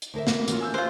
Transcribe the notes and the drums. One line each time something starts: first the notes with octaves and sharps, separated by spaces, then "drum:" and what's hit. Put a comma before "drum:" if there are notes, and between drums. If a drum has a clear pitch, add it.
drum: hi-hat
D2 A#4 E5
A#3 B3 F#4, drum: snare
E3 C#4 F4, drum: hi-hat
G#5 E6 G6
F4 C5 F#6